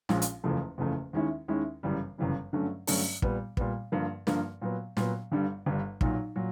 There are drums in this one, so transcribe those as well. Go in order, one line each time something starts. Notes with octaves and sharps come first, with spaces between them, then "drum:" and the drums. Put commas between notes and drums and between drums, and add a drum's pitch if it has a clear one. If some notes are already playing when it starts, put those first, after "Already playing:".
A#1 A#2 F3 G#3 C#4, drum: snare
drum: hi-hat
F#1 E2 C#3 F3 A3
F#1 E2 C#3 F3 A3
D#2 D#3 G#3 C#4 E4
D#2 D#3 G#3 C#4 E4
G1 F#2 C#3 E3 G3
G1 F#2 C#3 E3 G3
G2 D3 F#3 A3 C#4
G2 D3 F#3 A3 C#4, drum: open hi-hat
A#2 G3 B3, drum: kick
A#2 G3 B3, drum: kick
G2 D3 F3 A#3
G2 D3 F3 A#3, drum: snare
A#2 F#3 B3
A#2 F#3 B3, drum: snare
G1 G2 D3 G3
G1 G2 D3 G3
B1 A#2 F#3, drum: kick
A#2 F#3